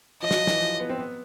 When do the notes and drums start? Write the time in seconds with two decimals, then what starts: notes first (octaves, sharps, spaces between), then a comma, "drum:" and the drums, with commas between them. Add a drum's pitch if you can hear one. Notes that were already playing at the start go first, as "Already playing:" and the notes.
0.22 F3 D#5
0.31 F#3, drum: snare
0.35 F3
0.47 E3, drum: snare
0.60 F3
0.80 B3
0.89 C4
0.99 B3